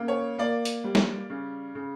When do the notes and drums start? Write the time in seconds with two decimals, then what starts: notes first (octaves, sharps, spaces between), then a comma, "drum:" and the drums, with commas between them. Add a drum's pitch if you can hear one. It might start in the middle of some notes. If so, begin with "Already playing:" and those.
Already playing: C#3 A#3
0.08 C#5
0.38 A#3 D5
0.65 drum: hi-hat
0.84 G3
0.95 drum: snare
1.30 C#3
1.75 C#3